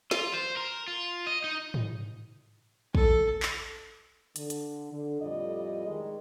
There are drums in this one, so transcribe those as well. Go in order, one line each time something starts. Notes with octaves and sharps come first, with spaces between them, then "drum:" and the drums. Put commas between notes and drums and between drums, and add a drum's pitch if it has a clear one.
F4, drum: snare
C5
A#4
F4
D#5
D#4
drum: tom G#2
A4, drum: kick
drum: clap
D3, drum: hi-hat
drum: hi-hat
D3
F2 A2 G3 F4 D5 D#5
D#3 G#3